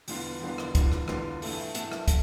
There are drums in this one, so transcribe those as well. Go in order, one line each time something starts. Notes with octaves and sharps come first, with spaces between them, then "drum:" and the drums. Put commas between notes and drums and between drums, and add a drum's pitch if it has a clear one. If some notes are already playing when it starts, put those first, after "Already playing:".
E2 D3 G3 B3 F4, drum: open hi-hat
E2 D3 G3 B3 F4
drum: rim click
E2 D3 G3 B3 F4, drum: kick, hi-hat
drum: rim click
E2 D3 G3 B3 F4, drum: rim click
G2 E3 A3 E4 A4, drum: open hi-hat
G2 E3 A3 E4 A4, drum: hi-hat
drum: rim click
A4, drum: kick, hi-hat